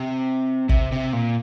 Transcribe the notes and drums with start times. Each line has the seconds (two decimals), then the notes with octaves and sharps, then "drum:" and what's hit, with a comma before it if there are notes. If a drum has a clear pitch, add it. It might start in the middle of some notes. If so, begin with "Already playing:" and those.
Already playing: C3
0.69 C3, drum: kick
0.92 C3
1.13 A#2